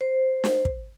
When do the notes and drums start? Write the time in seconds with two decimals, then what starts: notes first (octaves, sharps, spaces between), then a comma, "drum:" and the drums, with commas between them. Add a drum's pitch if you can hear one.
0.01 C5
0.44 drum: snare
0.65 drum: kick